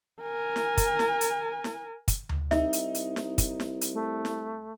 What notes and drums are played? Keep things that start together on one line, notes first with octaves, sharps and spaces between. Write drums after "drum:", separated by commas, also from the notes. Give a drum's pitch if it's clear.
A#4 G#5
drum: snare
drum: kick, hi-hat
drum: snare
drum: hi-hat
drum: snare
drum: kick, hi-hat
drum: tom D2
C2 D#4 E5, drum: snare
drum: hi-hat
drum: hi-hat
drum: snare
drum: kick, hi-hat
drum: snare
drum: hi-hat
A3
drum: snare